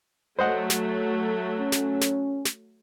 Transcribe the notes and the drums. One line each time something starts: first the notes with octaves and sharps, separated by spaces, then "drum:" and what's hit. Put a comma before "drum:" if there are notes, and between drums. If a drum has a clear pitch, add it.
F#3 A3 C5 D#5 F#5
drum: snare
C#4
drum: snare
drum: snare
drum: snare